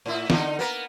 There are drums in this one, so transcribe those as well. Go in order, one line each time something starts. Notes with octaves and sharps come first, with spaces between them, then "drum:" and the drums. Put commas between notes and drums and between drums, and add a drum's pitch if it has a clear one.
A2 E4
D3 D#4, drum: snare
A#3 B3 A#4